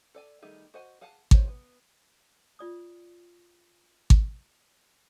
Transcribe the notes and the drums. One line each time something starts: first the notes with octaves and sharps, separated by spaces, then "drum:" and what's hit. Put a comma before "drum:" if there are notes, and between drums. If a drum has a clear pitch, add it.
A4 D5 G#5
D#3 G3 A3 D#4 G#4
F#4 C5 D#5 F#5 G#5
G#4 F5 F#5 G#5 A5
E4 F4 G4 C5 C#5, drum: kick G#1
B3
F4 D5 D#6
drum: kick G#1